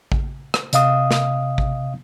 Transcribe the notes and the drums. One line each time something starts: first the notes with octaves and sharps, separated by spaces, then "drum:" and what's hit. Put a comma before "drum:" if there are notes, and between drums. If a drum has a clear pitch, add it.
drum: kick A1
drum: rim click
C3 D#5 F5 D#6, drum: hi-hat
drum: snare
drum: kick A1